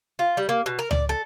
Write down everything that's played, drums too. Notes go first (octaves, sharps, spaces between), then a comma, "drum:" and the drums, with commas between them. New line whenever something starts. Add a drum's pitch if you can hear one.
F4
G3
A#3
B2
A#4
D5, drum: tom C#2
A4